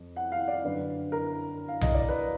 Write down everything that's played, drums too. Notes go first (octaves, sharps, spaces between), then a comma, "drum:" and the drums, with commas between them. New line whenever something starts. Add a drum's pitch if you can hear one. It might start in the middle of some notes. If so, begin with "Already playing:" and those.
Already playing: F2
F#5
F5
D5
F#2 D3 B4
A#4
F5
D#5, drum: tom B1
D5
B4